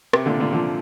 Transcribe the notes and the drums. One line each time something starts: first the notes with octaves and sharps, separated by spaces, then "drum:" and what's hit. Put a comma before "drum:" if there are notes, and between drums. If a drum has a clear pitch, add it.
C3, drum: rim click
A#2 D3
A#2 D3
D3 F3